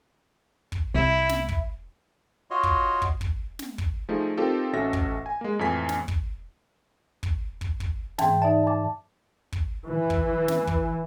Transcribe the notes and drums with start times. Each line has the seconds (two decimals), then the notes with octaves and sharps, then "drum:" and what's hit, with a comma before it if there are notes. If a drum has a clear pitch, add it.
0.72 drum: kick
0.94 C2 E4
1.29 drum: snare
1.49 drum: kick
2.51 F4 F#4 C#5 D#5 C6
2.63 drum: kick
3.02 drum: kick
3.21 drum: kick
3.59 drum: snare
3.78 drum: kick
4.09 F3 A3 D#4 G#4
4.37 C4 D#4 F4 G4 A4 A#4
4.73 A1 C#4 F#4 A4 E5 A#6
4.93 drum: kick
5.26 G#5
5.41 G#3 A#3
5.59 F2 A2 E3 G#5 B6
5.89 drum: snare
6.08 drum: kick
7.23 drum: kick
7.61 drum: kick
7.80 drum: kick
8.18 G#2 E3 G5 A5, drum: snare
8.42 D#4 D5 E5 A5
8.67 A5 D6
9.52 drum: kick
9.85 E3
10.10 drum: kick
10.48 drum: snare
10.67 drum: kick